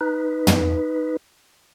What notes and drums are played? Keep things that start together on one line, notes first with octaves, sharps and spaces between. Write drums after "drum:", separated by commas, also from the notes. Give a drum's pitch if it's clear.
D#4 B4
drum: tom